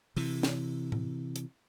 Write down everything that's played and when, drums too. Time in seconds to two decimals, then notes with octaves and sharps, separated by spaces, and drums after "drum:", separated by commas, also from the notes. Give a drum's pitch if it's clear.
0.16 C3 E3, drum: open hi-hat
0.43 drum: snare
0.92 drum: tom A2
1.36 drum: hi-hat